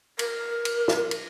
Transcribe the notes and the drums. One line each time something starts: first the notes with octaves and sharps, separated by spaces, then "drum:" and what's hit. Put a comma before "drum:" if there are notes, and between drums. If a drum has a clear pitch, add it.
A#4, drum: cymbal
drum: cymbal
drum: snare
drum: cymbal